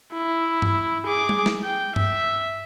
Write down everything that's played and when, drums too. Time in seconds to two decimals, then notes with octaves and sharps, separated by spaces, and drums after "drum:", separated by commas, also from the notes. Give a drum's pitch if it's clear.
0.14 E4
0.62 drum: tom G2
1.06 G#4 D6
1.29 drum: tom G3
1.46 drum: snare
1.64 G5
1.96 E5, drum: tom G2